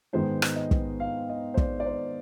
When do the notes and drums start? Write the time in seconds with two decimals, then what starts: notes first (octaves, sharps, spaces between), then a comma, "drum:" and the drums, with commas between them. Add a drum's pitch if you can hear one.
0.13 G#2 D#3 G#3 B3 C5
0.42 drum: rim click
0.56 D#5
0.71 drum: kick
1.00 F5
1.29 D#5
1.54 C5
1.57 D5, drum: kick
1.80 D5
1.87 C5